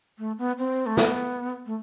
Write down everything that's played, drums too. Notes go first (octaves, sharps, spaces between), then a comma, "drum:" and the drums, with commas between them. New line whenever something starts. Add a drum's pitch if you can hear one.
A3
B3
C4
A3
B3, drum: snare
A3